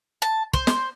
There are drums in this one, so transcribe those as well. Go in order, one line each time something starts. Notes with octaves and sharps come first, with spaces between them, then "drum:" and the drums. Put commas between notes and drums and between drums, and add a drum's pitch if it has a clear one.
A5
C5, drum: kick
drum: snare